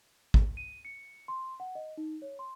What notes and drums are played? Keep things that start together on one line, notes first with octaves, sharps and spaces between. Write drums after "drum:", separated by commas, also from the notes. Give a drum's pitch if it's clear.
drum: kick G#1
D#7
C#7
C6
F#5
D#5
D#4
C#5
C6